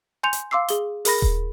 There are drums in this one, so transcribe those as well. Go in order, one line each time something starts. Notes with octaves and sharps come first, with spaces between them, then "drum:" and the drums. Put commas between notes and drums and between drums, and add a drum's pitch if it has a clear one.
G#5 C6 G6 C#7 F7
drum: hi-hat
F5 C6 D6 E6 C7
G#4 G7, drum: hi-hat
G#4 A#4 B5 A#6, drum: open hi-hat
drum: kick D#1